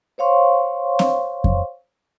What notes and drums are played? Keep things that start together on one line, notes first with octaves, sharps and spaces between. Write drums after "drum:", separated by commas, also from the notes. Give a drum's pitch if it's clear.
C5 C#5 F5 C6 C#6
drum: snare C4
drum: kick F2